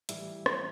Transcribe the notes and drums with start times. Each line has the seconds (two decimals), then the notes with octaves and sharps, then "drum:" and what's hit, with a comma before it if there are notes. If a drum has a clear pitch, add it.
0.09 A2 E3 G3 E4 E5, drum: hi-hat
0.46 drum: rim click